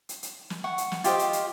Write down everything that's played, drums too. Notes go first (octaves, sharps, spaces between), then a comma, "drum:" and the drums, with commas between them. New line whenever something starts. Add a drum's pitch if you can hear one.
drum: hi-hat
drum: hi-hat
drum: snare
F#5 C#6
drum: hi-hat
drum: snare
F4 G4 C5 D#5, drum: hi-hat
drum: hi-hat
drum: hi-hat